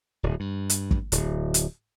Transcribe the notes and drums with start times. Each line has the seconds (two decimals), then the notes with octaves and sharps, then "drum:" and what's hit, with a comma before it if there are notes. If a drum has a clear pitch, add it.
0.23 D1
0.40 G2
0.70 drum: hi-hat
0.91 drum: kick
1.12 D1, drum: hi-hat
1.54 drum: hi-hat